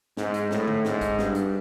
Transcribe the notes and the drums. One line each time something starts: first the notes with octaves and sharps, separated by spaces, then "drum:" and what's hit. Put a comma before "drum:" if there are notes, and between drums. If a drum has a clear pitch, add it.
G#2, drum: snare
drum: hi-hat
A2, drum: snare
drum: tom D3
G#2, drum: snare
drum: kick, hi-hat
G2, drum: snare
drum: hi-hat